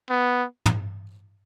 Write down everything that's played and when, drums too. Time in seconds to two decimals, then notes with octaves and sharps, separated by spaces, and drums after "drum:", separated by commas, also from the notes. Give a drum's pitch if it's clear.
0.10 B3
0.66 drum: tom